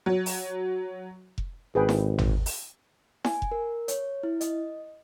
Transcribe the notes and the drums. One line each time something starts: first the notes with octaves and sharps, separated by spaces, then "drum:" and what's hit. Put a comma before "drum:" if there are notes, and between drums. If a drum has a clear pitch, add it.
F#3
drum: open hi-hat
drum: kick F1
G#1 G#4 B4 G5
drum: snare E4
drum: tom G#1
drum: open hi-hat
G#5, drum: snare E4
drum: kick F1
A#4
C#5, drum: hi-hat
E4
D#5, drum: hi-hat